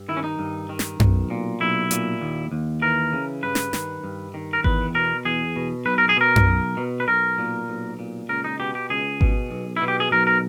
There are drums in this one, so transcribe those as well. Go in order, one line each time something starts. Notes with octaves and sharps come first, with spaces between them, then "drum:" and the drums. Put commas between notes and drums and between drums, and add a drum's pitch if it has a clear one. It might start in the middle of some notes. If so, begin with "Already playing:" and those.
Already playing: G2
D#3 E4
C#4
D#4
G2
D#3
drum: snare
B1, drum: tom F#2
A#2
B1 E4
A#2, drum: hi-hat
D#2
D#2
E3 A#4
C#3
G2 B4
drum: snare
D#3, drum: snare
G2
D#3
A#4
E2 B4, drum: kick G#1
B2 A#4
E2 G#4
B2
B1 B4
A#4
G#4
B2 A#4
drum: tom F#2
B1
B2
B4
B1 A#4
A#2
B1
A#2
C#2 A#4
D#4
B2 G4
G4
C#2 G#4
B2, drum: kick G#1
B1
B2 E4
G4
G#4
B1 A#4
A#4